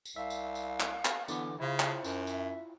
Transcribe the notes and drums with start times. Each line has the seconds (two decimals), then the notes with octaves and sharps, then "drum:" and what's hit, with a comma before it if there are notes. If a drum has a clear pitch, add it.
0.05 drum: tambourine
0.16 C2 E5 F5
0.30 drum: tambourine
0.55 drum: tambourine
0.80 drum: clap
1.05 drum: clap
1.28 D3 E3 B3 D6, drum: tambourine
1.60 C#3 E4 F4 C5
1.80 drum: clap
2.04 F#2, drum: tambourine
2.27 E5, drum: tambourine